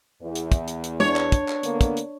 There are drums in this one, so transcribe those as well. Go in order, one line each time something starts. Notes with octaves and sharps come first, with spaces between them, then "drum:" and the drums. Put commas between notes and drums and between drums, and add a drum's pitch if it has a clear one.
E2
drum: hi-hat
drum: kick, hi-hat
drum: hi-hat
drum: hi-hat
D4 C#5, drum: tom
drum: clap
drum: kick, hi-hat
drum: clap
D3 A#3 B3, drum: hi-hat
drum: kick, hi-hat
drum: hi-hat